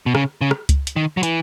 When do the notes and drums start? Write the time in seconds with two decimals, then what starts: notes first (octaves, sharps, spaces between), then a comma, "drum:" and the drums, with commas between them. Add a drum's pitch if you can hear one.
0.06 B2
0.15 C#3, drum: rim click
0.41 C#3
0.51 drum: rim click
0.69 drum: kick C#2, hi-hat
0.87 drum: hi-hat
0.96 D#3
1.17 F#3
1.23 E3, drum: hi-hat